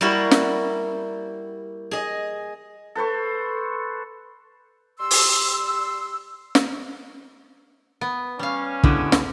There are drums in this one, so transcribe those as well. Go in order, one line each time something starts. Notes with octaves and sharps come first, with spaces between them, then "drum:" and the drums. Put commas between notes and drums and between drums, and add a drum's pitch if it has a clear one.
G3 A#3 E4 F#4
drum: snare
G#4 D#5
A4 B4 C5 C#6
G3 C6 E6
drum: open hi-hat
drum: snare
B3
G3 C#4 F5
B2 D3 G#3 E4, drum: kick
drum: snare